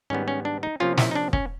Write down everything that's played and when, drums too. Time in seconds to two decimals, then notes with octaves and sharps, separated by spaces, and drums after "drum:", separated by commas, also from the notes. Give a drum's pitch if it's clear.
0.10 G#2 D#3 G3 B3 C#4
0.28 C#4
0.45 D4
0.63 D#4
0.80 C3 F3 A#3 C#4 F4
0.98 E4, drum: snare
1.11 D#4
1.15 D4
1.33 C#4, drum: kick